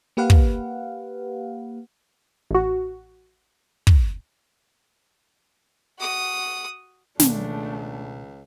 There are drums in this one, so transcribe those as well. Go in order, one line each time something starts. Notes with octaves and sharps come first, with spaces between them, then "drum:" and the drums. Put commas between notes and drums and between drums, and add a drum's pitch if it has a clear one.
A#3 G4 B4 F5 F#5
drum: kick
A1 F#4
drum: kick
F#4 D#6
C#2 B2 D#3 A3 A#3 D4, drum: snare